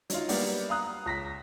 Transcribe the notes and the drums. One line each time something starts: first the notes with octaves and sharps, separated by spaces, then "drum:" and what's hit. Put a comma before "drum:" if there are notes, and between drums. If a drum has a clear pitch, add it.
F#3 D#4 F4, drum: hi-hat
G3 A#3 B3 G4 D5 F#5, drum: open hi-hat
F5 A#5 D#6 F#6
C#2 A#6 B6